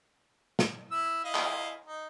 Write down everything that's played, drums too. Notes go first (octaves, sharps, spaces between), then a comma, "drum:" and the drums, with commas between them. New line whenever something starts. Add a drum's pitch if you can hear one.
drum: snare
E4 E6
E4 D#5 F5
drum: clap
D#4